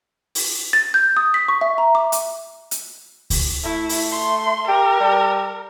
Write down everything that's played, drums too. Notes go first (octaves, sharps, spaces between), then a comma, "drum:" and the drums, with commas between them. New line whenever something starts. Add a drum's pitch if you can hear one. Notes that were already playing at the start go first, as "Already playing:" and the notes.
drum: open hi-hat
A6
G6
D#6
B6
C#6
E5
A#5
D6
drum: hi-hat
drum: hi-hat
drum: kick C#2, open hi-hat
A3 E4
drum: open hi-hat
C6
G4 A#4
G3